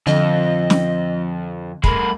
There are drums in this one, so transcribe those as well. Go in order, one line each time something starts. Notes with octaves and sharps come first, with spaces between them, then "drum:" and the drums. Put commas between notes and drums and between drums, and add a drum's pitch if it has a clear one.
F2 D3 D#5
drum: snare
G#3 A#3 B5, drum: kick